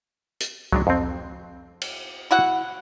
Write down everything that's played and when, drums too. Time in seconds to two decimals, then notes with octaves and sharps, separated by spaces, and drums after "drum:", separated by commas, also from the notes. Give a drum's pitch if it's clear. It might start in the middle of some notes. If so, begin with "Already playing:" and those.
0.40 drum: hi-hat
0.72 F#3 G#3 D4, drum: kick C#2
0.87 F2 C4
1.81 drum: cymbal
2.31 E4 F#4 F#5